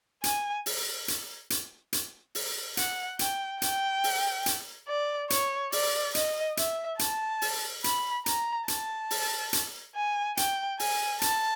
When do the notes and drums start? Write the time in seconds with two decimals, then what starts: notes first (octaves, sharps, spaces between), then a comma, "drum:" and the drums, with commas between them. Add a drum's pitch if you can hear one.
0.24 G#5, drum: hi-hat
0.66 drum: open hi-hat
1.08 drum: hi-hat
1.50 drum: hi-hat
1.93 drum: hi-hat
2.35 drum: open hi-hat
2.77 F#5, drum: hi-hat
3.19 G5, drum: hi-hat
3.62 G5, drum: hi-hat
4.04 drum: open hi-hat
4.46 drum: hi-hat
4.88 D5
5.30 C#5, drum: hi-hat
5.72 D5, drum: open hi-hat
6.15 D#5, drum: hi-hat
6.57 E5, drum: hi-hat
6.99 A5, drum: hi-hat
7.42 drum: open hi-hat
7.84 B5, drum: hi-hat
8.26 A#5, drum: hi-hat
8.68 A5, drum: hi-hat
9.10 drum: open hi-hat
9.53 drum: hi-hat
9.95 G#5
10.37 G5, drum: hi-hat
10.79 G#5, drum: open hi-hat
11.22 A5, drum: hi-hat